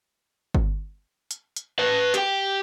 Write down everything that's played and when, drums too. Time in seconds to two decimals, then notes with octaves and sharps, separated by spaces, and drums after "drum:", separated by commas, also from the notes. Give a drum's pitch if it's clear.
0.54 drum: kick G1
1.31 drum: hi-hat
1.56 drum: hi-hat
1.79 B4 A5
2.14 G4 G5, drum: hi-hat